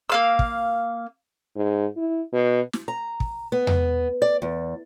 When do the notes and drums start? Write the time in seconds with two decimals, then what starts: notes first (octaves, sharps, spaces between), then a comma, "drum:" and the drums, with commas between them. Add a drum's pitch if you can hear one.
0.10 A#3 F5 E6
0.39 drum: kick
1.56 G#2
1.97 E4
2.33 B2
2.73 drum: snare
2.88 A#5
3.20 drum: kick
3.52 B3
3.67 drum: tom E2
4.22 D5
4.42 E2